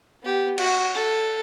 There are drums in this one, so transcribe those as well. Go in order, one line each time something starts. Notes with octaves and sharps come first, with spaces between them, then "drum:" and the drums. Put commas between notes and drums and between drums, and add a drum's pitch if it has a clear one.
B3 G4
F#4, drum: cymbal
A4